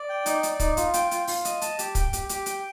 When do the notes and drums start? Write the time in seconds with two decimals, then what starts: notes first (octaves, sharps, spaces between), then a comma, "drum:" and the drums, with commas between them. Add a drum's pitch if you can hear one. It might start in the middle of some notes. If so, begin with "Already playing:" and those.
Already playing: D5
0.09 G5
0.26 D#4, drum: hi-hat
0.43 D5, drum: hi-hat
0.60 D#4, drum: kick, hi-hat
0.77 F4, drum: hi-hat
0.94 G5, drum: hi-hat
1.11 F4, drum: hi-hat
1.27 F4, drum: open hi-hat
1.45 D#5, drum: hi-hat
1.62 A5, drum: hi-hat
1.79 G4, drum: hi-hat
1.95 G5, drum: kick, hi-hat
2.13 G4, drum: hi-hat
2.29 G4, drum: hi-hat
2.46 G5, drum: hi-hat